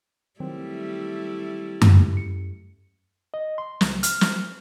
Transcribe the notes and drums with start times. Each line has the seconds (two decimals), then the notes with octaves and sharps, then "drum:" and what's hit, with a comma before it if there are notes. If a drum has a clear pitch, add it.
0.40 D#3 F#3 G3 A3 C4 E4
1.81 drum: tom F#2
2.17 F#2 C#7
3.34 D#5
3.58 C6
3.81 C#2, drum: snare
4.03 F6, drum: hi-hat
4.21 drum: snare